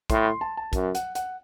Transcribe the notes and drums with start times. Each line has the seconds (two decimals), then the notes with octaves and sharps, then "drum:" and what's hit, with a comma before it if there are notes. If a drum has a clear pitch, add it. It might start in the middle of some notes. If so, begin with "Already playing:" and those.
0.10 A2 C6, drum: kick, hi-hat
0.26 C6
0.41 A5
0.57 A5
0.73 F#2, drum: kick, hi-hat
0.95 F#5, drum: hi-hat
1.15 F#5, drum: hi-hat